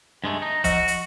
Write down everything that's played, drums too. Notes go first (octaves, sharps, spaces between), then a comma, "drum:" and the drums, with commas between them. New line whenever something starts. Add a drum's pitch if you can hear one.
G2 G#3 A3
D#4
F3 F#4 D#5 E6, drum: kick, hi-hat
drum: hi-hat